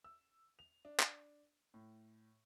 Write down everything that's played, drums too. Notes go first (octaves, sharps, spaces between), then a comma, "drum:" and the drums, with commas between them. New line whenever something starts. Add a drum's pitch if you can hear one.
E6
F7
D4
drum: clap
A2